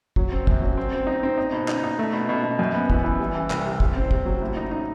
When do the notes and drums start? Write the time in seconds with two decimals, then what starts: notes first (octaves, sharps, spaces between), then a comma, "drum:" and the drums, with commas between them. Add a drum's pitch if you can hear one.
0.16 F#3, drum: kick
0.32 C4
0.47 F#2, drum: kick
0.62 F#3
0.77 C4
0.92 C4
1.07 D#4
1.23 C4
1.38 D#4
1.52 B2
1.68 D#4, drum: clap
1.84 D#4
1.99 A3
2.13 B2
2.29 B2
2.44 B2
2.59 F#2
2.74 B3
2.90 E3, drum: kick
3.04 E3
3.20 G3
3.35 E3
3.50 C2, drum: clap
3.66 C3
3.80 C3, drum: kick
3.96 C4
4.11 C3, drum: kick
4.26 F#3
4.42 A2
4.57 D#4
4.71 D#4